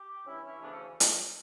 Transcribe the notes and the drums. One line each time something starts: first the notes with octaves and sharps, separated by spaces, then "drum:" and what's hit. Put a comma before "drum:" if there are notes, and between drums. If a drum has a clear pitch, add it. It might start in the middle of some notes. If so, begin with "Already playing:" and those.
Already playing: G4
G2 E3 C#4 E4
C#4 E4
D2 C#3 E3 B3 D4
A3 C#4
drum: hi-hat